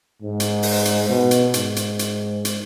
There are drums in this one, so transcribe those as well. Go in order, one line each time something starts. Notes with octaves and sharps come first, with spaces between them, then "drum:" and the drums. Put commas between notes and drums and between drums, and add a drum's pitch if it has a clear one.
G#2
drum: hi-hat
drum: open hi-hat
drum: hi-hat
B2
drum: hi-hat
G#2, drum: hi-hat
drum: hi-hat
drum: hi-hat
drum: hi-hat